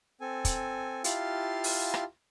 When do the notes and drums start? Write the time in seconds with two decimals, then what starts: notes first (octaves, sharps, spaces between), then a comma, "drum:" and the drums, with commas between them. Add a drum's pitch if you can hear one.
0.21 C4 A4 G#5
0.45 drum: kick, hi-hat
1.04 E4 F4 G4 F5 A5 C6, drum: hi-hat
1.64 drum: open hi-hat
1.94 drum: rim click